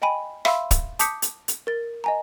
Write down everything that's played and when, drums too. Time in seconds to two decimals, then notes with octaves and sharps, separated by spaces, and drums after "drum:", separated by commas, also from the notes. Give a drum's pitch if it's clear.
0.02 D#5 G5 G#5 B5 D#7
0.45 E5 F5 B5 C6 E6, drum: rim click
0.71 drum: kick, hi-hat
0.99 A5 D6 D#6 G6 B6 C#7, drum: hi-hat
1.22 drum: hi-hat
1.48 drum: hi-hat
1.67 A#4 A6
2.04 D#5 G#5 A#5